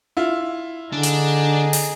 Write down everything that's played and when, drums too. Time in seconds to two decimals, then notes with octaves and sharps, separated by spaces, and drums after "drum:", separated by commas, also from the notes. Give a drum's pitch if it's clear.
0.17 E4 F4
0.93 D3 D4 D#4 G#4
1.03 drum: hi-hat
1.73 drum: open hi-hat